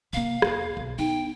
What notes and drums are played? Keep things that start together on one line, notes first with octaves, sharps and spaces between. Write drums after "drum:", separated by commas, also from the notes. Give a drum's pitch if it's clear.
C3 A#3 F5
E2, drum: rim click
B1
B3 D#4 G5